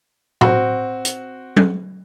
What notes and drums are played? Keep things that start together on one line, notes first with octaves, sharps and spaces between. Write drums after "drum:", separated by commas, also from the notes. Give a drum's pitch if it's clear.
C4 F#4, drum: tom A2
drum: hi-hat
drum: tom F#3